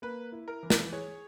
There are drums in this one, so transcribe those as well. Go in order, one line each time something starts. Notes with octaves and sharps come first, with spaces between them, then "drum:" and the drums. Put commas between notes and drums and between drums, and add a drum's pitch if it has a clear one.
A#3 B4
E4
A#4
E3
B4, drum: snare
G#4 C#5